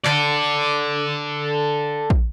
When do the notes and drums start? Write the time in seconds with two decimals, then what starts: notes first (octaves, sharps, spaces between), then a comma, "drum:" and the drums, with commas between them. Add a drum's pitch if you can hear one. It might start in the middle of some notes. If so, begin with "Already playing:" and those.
0.05 A4 D5, drum: clap
2.10 drum: kick